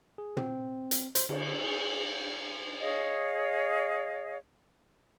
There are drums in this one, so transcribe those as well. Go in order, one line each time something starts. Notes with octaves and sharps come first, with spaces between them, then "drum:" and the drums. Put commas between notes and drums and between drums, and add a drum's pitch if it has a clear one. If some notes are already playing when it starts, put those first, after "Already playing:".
G#4
C4, drum: tom
drum: hi-hat
C5, drum: hi-hat
D3, drum: cymbal
G#4
G#4 C#5 D#5 F5